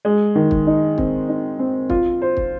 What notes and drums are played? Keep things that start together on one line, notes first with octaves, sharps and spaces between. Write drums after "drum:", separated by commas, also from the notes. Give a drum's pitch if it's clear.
G#3
D#3
drum: kick
D#4
C4, drum: kick
D#4
C4
F4, drum: kick
C5
drum: kick